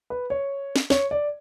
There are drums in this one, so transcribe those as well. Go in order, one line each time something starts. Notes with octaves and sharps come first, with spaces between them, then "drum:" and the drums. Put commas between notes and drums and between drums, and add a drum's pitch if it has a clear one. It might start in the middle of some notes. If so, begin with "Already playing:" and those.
B4
C#5
drum: snare
C#5, drum: snare
D5